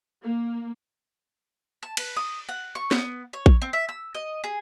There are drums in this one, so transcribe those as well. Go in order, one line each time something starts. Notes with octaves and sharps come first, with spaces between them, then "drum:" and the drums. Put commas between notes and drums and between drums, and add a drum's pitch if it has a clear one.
A#3
A5
B4, drum: cymbal
D#6
F#5
C#6
B3, drum: snare
C#5
drum: kick A#1
C4
E5
E6
D#5
G#4